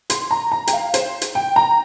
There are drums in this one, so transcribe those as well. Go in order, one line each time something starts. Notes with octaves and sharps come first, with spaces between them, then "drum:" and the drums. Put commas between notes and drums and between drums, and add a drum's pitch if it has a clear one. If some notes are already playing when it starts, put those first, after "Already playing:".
C6, drum: hi-hat
A#5
A#5
G5, drum: hi-hat
F5
C5, drum: hi-hat
drum: hi-hat
G5
A#5